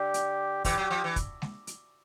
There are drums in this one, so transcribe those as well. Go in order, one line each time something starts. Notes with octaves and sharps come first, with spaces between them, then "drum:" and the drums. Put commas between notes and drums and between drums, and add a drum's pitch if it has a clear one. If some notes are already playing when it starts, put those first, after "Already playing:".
Already playing: D3 G4
drum: hi-hat
E3 G4, drum: kick, open hi-hat
F#3
F3
E3
drum: kick, hi-hat
drum: snare G#3
drum: hi-hat